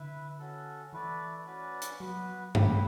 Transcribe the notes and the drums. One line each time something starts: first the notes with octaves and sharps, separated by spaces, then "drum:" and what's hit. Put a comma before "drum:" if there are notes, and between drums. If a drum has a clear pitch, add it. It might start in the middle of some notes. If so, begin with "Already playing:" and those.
Already playing: D3 E4 B4 E5
C#4 F#4 A4
E3 A3 E4 B4 D5
C#4 F#4 B4 D5
drum: hi-hat
F#3 B3 F#4 B4
E4 G4 B4, drum: tom